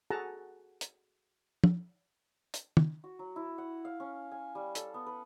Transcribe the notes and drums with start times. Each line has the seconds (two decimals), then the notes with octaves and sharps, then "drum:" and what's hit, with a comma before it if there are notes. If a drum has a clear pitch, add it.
0.10 F#4 G#4 A4 F#5 A5 A#5
0.81 drum: hi-hat
1.64 drum: tom
2.54 drum: hi-hat
2.77 drum: tom
3.04 F#4
3.19 F#3
3.36 E4
3.58 F#5
3.85 F5
4.00 C#4
4.32 G#5
4.55 G3
4.75 A4, drum: hi-hat
4.94 B3
5.06 B4